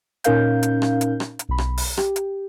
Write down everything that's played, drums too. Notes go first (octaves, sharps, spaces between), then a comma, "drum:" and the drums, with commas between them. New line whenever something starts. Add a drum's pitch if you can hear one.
A#2 C#4 D#4 A#4 F5 G6, drum: hi-hat
drum: hi-hat
drum: rim click
drum: hi-hat
drum: rim click
drum: hi-hat
B1 B5
drum: rim click
drum: open hi-hat
G4, drum: rim click
drum: hi-hat